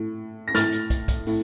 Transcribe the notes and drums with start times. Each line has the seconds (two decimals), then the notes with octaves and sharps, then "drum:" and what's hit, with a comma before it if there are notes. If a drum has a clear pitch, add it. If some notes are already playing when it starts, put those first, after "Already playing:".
Already playing: A2
0.48 A#6
0.54 A2 F6 A6, drum: snare
0.72 drum: hi-hat
0.90 drum: kick, hi-hat
1.08 drum: kick, hi-hat
1.27 A2, drum: open hi-hat